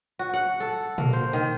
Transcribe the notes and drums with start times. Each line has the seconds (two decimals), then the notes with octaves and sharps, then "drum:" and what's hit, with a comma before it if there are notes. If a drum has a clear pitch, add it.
0.19 F#4
0.34 F#5
0.60 A4
0.98 A#3, drum: tom A#2
1.13 C5
1.33 D#3